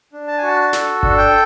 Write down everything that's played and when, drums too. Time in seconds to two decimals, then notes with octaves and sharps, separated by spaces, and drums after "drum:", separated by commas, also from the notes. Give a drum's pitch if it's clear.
0.13 D4
0.28 A5
0.38 F#4 G#5
0.48 A5
0.73 A4, drum: snare
1.03 D4, drum: kick G1
1.18 G5